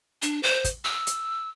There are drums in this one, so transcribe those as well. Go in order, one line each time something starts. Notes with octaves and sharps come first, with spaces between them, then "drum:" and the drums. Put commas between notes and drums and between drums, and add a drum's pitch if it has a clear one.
D4, drum: hi-hat
C5
drum: kick, hi-hat
E6
drum: hi-hat